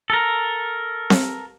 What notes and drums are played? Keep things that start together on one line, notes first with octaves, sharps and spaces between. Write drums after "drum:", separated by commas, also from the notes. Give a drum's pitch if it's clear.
A4 A#4
drum: snare C4